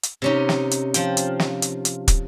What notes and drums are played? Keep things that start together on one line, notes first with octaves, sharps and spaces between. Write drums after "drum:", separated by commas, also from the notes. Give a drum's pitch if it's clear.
drum: hi-hat
C3 C#4 D#4
drum: snare
drum: hi-hat
F3 F4 G5, drum: hi-hat
drum: hi-hat
drum: snare
drum: hi-hat
drum: hi-hat
drum: kick, hi-hat